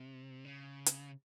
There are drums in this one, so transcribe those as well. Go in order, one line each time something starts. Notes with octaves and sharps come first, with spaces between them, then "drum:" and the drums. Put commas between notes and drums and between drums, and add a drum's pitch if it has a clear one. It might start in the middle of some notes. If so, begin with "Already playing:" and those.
Already playing: C3
C#3
drum: hi-hat